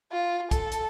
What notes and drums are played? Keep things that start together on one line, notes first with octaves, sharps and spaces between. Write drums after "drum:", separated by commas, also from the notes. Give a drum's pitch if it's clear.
F4
A4, drum: kick, hi-hat
drum: hi-hat